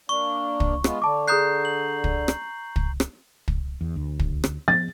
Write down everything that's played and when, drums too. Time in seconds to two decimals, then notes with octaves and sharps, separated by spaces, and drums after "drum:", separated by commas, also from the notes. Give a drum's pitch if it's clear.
0.09 A#3 D4 C#6
0.60 drum: kick
0.84 G#3 B3 F4, drum: rim click
1.02 D3 A5 D6
1.27 G#4 A#5 D#6 F#6 G6 C7
1.65 F#7
2.04 drum: kick
2.28 drum: rim click
2.76 drum: kick
3.00 drum: rim click
3.48 drum: kick
3.81 E2
3.96 D2
4.20 drum: kick
4.44 drum: rim click
4.68 F3 B3 A6